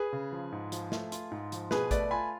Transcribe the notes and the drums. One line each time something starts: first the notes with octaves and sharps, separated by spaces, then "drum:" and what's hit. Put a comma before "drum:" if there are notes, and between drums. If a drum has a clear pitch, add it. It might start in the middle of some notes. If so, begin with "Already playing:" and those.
Already playing: G#4 B4
C#3
F3
G#2
F3, drum: hi-hat
A3, drum: snare
F4, drum: hi-hat
G#2
F3, drum: hi-hat
B2 G#4 B4, drum: snare
A3 B4 D5, drum: kick A1, hi-hat
F4 G#5 B5